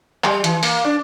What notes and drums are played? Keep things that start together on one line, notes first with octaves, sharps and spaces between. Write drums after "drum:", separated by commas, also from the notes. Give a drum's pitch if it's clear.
G3, drum: clap
E3, drum: hi-hat
A#3, drum: open hi-hat
D4